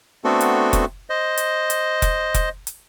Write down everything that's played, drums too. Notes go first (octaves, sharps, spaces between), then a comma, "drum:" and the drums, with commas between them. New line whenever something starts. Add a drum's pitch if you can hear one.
A3 B3 C4 D4 F#4 A4
drum: hi-hat
drum: kick F1, hi-hat
C5 D#5
drum: hi-hat
drum: hi-hat
drum: kick F1, hi-hat
drum: kick F1, hi-hat
drum: hi-hat